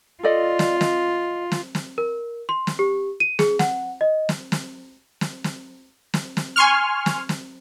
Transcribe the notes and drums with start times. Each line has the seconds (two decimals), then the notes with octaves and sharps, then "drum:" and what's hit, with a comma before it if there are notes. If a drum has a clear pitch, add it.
0.23 F4 A4 D5 D#5
0.59 drum: snare
0.81 D#5, drum: snare
1.52 drum: snare
1.75 drum: snare
1.98 A#4
2.49 C6
2.67 drum: snare
2.79 G4
3.20 D#7
3.39 G#4, drum: snare
3.59 F#5, drum: snare
4.01 D#5
4.29 drum: snare
4.52 drum: snare
5.21 drum: snare
5.44 drum: snare
6.14 drum: snare
6.37 drum: snare
6.56 G#5 C6 C#6 F6
7.06 drum: snare
7.29 drum: snare